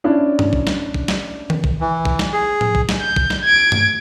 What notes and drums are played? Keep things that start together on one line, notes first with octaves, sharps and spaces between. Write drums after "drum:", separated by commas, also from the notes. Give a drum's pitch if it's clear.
C#4 D4 E4 D5
drum: tom G2
drum: kick
drum: snare
drum: kick
drum: snare
drum: tom D#3
drum: kick
E3
drum: kick
drum: snare
G#4
drum: tom A2
drum: kick
drum: snare
G6
drum: kick
drum: snare
G#6 D7
drum: tom G2